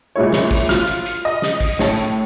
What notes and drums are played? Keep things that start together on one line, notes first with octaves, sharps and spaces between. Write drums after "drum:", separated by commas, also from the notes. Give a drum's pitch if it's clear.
A#2 G#3 E4 C#5
drum: snare
drum: kick, open hi-hat
F4 F6, drum: snare
drum: hi-hat
drum: hi-hat
D#5
drum: snare
drum: kick, open hi-hat
A2 C#5 A5, drum: snare
drum: hi-hat